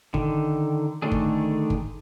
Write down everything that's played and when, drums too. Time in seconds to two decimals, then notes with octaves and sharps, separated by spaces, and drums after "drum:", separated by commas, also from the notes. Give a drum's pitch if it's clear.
0.14 D3 D#3, drum: kick G1
1.02 D3 D#3 A3 D4 G#4
1.12 drum: kick G1
1.70 drum: kick G1